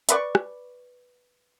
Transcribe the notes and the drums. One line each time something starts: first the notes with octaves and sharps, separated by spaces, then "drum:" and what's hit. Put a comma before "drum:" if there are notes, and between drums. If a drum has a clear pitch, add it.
A3 B4 D5 C#6, drum: hi-hat
drum: rim click